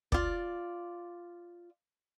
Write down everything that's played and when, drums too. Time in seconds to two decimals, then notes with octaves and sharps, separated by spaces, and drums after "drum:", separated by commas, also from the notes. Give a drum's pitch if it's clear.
0.12 F4 D5, drum: kick